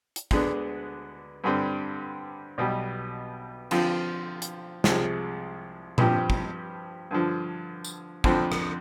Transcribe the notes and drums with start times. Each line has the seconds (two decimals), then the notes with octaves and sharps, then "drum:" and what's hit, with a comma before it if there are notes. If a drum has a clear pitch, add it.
0.16 drum: hi-hat
0.31 D2 D3 G#3 B3 D4, drum: kick
1.44 G2 D3 G3 C4
2.58 B1 B2 G3
3.71 D3 F3 C4 F4, drum: cymbal
4.42 drum: hi-hat
4.84 C2 C3 F3 G#3, drum: snare
5.98 G2 F3 C4 G4, drum: tom A#2
6.30 drum: kick
7.11 G2 D3 F3
7.84 drum: tambourine
8.24 F2 D3 F3 C4, drum: kick
8.52 drum: rim click